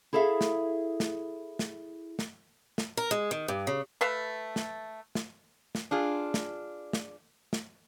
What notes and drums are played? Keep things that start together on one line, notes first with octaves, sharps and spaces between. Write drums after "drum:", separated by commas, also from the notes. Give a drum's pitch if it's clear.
E4 G#4 A4 E5 F5
drum: snare
drum: snare
drum: snare
drum: snare
drum: snare
A#4
G#3
D#3
G2
C#3
A3 B4 F5 A5
drum: snare
drum: snare
drum: snare
D4 F4 G#4
drum: snare
drum: snare
drum: snare